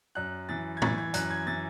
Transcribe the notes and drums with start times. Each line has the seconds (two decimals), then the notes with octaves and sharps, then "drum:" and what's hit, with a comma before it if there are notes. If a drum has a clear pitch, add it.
0.15 F#2 F#6
0.49 E3 A6
0.77 G#6
0.82 E3 A6, drum: tom
0.98 G#6
1.14 F#2 F#6, drum: hi-hat
1.30 G#6
1.46 E3 A6